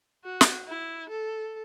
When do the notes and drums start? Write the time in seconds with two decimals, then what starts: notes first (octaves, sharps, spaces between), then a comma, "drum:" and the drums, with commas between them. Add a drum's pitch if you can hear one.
0.24 F#4
0.41 drum: snare
0.68 E4
1.09 A4